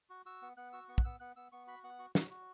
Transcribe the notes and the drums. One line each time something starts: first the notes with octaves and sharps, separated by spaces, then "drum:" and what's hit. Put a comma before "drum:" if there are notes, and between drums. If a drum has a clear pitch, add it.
F#4
F#4 E6
B3
B3 F#6
F#4 E6
B3 C#6
F#6, drum: kick
B3 E6
B3 F#6
B3 E6
B3 C#6
F#4 B5
B3 F#5
F#4
F#4, drum: snare
F#4